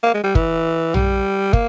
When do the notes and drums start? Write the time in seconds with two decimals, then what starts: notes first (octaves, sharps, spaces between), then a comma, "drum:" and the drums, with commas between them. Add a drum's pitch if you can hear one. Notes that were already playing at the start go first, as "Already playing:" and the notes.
0.03 A#3
0.14 G#3
0.24 G3
0.35 E3, drum: kick
0.94 G3, drum: tom A#1
1.53 A#3, drum: kick